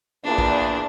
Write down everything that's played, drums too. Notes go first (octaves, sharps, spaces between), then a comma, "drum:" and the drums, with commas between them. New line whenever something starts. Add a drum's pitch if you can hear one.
E2 A#2 D4
drum: kick